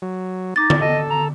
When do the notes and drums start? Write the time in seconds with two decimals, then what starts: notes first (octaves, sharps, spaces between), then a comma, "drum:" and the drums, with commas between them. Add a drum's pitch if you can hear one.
0.02 F#3
0.56 D#4 D6 A6
0.70 drum: tom D3
0.81 A4 D#5
1.10 A#5